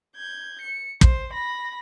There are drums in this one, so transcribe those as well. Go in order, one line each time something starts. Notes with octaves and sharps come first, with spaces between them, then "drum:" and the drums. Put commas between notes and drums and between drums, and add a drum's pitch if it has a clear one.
G6 G#6
C#7
C5, drum: kick
B5 A#6